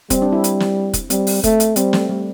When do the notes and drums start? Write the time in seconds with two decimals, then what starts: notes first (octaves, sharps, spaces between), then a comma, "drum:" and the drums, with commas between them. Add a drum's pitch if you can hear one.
0.10 G3 C4, drum: kick, hi-hat
0.22 D4
0.32 E4
0.44 drum: hi-hat
0.60 drum: snare
0.93 drum: kick, hi-hat
1.10 G3 C4, drum: hi-hat
1.27 drum: open hi-hat
1.43 A3, drum: kick, hi-hat
1.60 drum: hi-hat
1.76 G3 C4, drum: hi-hat
1.93 A3, drum: snare
2.09 G3